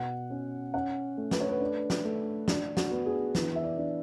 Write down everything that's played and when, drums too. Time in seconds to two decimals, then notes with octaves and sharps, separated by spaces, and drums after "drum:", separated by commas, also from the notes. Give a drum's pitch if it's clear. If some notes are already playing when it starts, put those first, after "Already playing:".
Already playing: B2 F#5
0.30 C#4
0.74 C#4 F#5
1.18 A3
1.31 B4, drum: snare
1.40 C#5
1.49 B4
1.61 D4
1.90 drum: snare
2.05 A3
2.48 D4, drum: snare
2.77 F#4, drum: snare
2.91 B3
3.06 G#4
3.35 E3 B4, drum: snare
3.55 E5
3.63 D5
3.78 D4